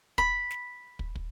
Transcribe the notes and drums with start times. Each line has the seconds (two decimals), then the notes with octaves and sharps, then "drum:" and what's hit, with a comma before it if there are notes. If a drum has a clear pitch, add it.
0.18 B5, drum: kick
0.50 drum: snare
0.99 drum: kick
1.15 drum: kick